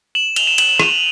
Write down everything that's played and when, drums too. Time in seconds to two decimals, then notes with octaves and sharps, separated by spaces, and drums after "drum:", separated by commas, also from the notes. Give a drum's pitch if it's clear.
0.15 E7 F#7
0.36 F7 G7, drum: cymbal
0.47 E7 F#7
0.58 E7 F#7, drum: cymbal
0.69 E7 F#7
0.79 D#7 F7, drum: rim click